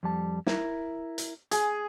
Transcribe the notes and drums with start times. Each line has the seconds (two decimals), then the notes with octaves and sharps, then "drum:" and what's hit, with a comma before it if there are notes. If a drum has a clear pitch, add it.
0.03 F2 G3 A5
0.47 E4 A#4, drum: snare
1.18 drum: hi-hat
1.51 G#4, drum: hi-hat